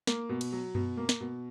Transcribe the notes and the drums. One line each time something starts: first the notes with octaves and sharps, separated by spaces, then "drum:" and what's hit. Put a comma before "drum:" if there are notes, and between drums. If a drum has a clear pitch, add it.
A#3, drum: snare
B2
drum: cymbal
F#3
B2, drum: tom F#2
A#3
drum: snare
B2